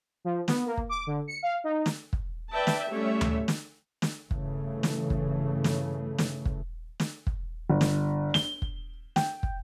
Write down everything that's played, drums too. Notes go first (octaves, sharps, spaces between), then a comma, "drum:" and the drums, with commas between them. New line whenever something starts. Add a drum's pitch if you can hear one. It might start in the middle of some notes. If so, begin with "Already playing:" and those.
F3
B3, drum: snare
A#3
drum: kick
D6
D3
C#7
F5
D#4
drum: snare
drum: kick
B4 D5 E5 G5 A5
drum: snare
G3 A3 C#4 G4 C#5 E5
drum: tom D2
drum: snare
drum: snare
G2 C#3 E3 A3, drum: kick
drum: snare
drum: kick
drum: snare
drum: snare
drum: kick
drum: snare
drum: kick
G1
drum: snare
G7, drum: snare
drum: kick
G5, drum: snare
drum: kick